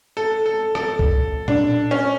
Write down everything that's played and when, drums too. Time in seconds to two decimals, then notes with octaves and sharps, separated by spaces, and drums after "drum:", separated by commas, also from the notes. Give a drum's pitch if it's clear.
0.17 A4
0.46 A4
0.75 A4, drum: rim click
0.99 drum: kick
1.48 D4, drum: tom A#2
1.91 C#4